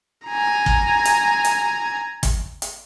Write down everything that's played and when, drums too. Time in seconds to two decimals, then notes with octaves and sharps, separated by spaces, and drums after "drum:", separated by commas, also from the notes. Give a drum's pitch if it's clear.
0.27 G#5 A#5
0.66 drum: kick
1.05 drum: hi-hat
1.44 drum: hi-hat
2.23 drum: kick, hi-hat
2.62 drum: hi-hat